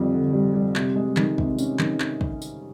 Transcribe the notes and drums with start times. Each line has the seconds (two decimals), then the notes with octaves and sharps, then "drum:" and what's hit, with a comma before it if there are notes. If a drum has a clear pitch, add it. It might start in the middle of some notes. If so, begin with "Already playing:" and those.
Already playing: F2 D3 G3
0.13 D3
0.33 G3
0.54 G3
0.75 C3, drum: clap
0.96 G#3
1.17 D#3, drum: clap
1.38 C3, drum: kick
1.59 C#4, drum: tambourine
1.79 D#3, drum: clap
2.00 drum: clap
2.21 drum: kick
2.42 drum: tambourine